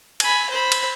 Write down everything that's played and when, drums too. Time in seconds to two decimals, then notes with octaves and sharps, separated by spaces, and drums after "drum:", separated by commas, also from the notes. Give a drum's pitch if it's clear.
0.20 G#5 B5, drum: cymbal
0.50 C5 B5
0.72 drum: cymbal